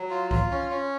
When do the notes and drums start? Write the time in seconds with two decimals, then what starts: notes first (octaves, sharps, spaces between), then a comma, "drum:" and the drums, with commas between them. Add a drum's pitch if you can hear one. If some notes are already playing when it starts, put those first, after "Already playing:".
Already playing: F#3
0.10 F4
0.31 F4, drum: kick C2
0.51 C#4
0.71 C#4